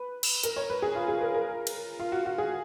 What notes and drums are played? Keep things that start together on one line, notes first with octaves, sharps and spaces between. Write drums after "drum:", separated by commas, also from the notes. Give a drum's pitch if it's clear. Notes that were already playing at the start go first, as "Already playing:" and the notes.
Already playing: B4
drum: cymbal
A#4, drum: hi-hat
C#5
B4
G#4
F4
G#4
A#4
A#4
drum: cymbal
F4
F#4
F#4
G#4